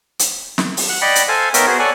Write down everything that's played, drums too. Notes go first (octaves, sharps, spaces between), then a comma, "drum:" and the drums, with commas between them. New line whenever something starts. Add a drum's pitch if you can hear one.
drum: hi-hat
drum: snare
drum: open hi-hat
F#5
D5 D#5 F#5 G5 B5
drum: hi-hat
A4 C5 F5 G#5
B3 D#4 A#4 C#5 E5 G5, drum: hi-hat
B3 F#4 G#4 C5
A4 C#5 D5 F#5 G#5